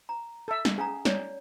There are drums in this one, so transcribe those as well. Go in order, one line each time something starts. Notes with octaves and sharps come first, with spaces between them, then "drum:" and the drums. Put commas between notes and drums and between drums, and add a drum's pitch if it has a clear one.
A#5
A4 E5
drum: snare
C#4 G#4 F5 A#5
C#5 D5, drum: snare